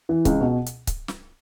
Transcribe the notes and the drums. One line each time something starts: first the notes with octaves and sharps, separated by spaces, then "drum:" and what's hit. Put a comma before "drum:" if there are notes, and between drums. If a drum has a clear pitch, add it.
E3
C#2, drum: kick C#1, hi-hat
B2
drum: hi-hat
drum: kick C#1, hi-hat
drum: snare